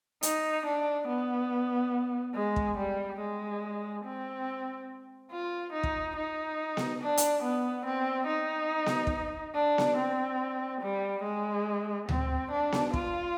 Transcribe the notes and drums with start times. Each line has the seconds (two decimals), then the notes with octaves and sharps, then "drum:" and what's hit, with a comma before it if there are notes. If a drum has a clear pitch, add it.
0.23 D#4, drum: hi-hat
0.66 D4
1.07 B3
2.34 G#3
2.56 drum: kick
2.78 G3
3.20 G#3
4.04 C4
5.31 F4
5.73 D#4
5.83 drum: kick
6.16 D#4
6.77 drum: snare B3
7.01 D4
7.17 drum: hi-hat
7.43 B3
7.86 C4
8.27 D#4
8.86 drum: snare B3
9.07 drum: kick
9.55 D4
9.78 drum: snare B3
9.97 C4
10.81 G3
11.23 G#3
12.09 C4, drum: tom D2
12.51 D4
12.72 drum: snare B3
12.94 F4, drum: kick